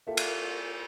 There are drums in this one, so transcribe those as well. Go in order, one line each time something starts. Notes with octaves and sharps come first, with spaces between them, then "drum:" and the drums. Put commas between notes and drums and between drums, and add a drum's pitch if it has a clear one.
A#3 F4 G4 A4 E5
drum: cymbal